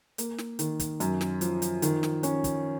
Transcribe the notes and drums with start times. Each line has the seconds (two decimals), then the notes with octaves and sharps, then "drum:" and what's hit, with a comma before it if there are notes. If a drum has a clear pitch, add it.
0.18 A#3, drum: hi-hat
0.38 drum: snare
0.59 D#3, drum: hi-hat
0.80 drum: kick, hi-hat
1.00 F#2, drum: hi-hat
1.21 drum: snare
1.41 F3, drum: hi-hat
1.62 drum: hi-hat
1.82 D#3, drum: hi-hat
2.03 drum: snare
2.23 C#4, drum: hi-hat
2.44 drum: kick, hi-hat